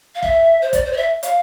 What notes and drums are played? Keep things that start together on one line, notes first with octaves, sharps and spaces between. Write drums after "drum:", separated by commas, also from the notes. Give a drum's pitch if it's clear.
F5
E5, drum: kick
C5
D5, drum: kick, hi-hat
C5
D5
E5
F5, drum: hi-hat